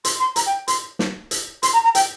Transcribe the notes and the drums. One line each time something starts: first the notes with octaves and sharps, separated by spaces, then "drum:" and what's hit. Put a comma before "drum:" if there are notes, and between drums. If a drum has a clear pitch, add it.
C6, drum: hi-hat
C6
A#5, drum: hi-hat
G5
C6, drum: hi-hat
drum: snare
drum: hi-hat
C6, drum: hi-hat
A#5
A#5
G5, drum: hi-hat